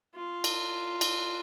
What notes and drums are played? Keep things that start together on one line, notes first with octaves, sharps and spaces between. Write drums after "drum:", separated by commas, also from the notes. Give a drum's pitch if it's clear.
F4
drum: cymbal
drum: cymbal